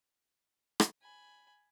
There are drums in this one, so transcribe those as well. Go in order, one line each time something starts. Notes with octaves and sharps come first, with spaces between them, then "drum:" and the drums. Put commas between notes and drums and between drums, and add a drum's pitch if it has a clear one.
drum: rim click
G#5 B5